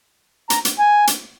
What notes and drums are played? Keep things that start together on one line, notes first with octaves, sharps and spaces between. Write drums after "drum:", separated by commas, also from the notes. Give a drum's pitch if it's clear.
A#5, drum: hi-hat
drum: hi-hat
G#5
drum: hi-hat